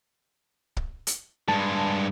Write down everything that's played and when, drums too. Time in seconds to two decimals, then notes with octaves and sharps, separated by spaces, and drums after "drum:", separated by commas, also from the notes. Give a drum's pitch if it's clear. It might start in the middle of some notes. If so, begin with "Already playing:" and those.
0.77 drum: kick
1.07 drum: hi-hat
1.48 G2 G#3 A5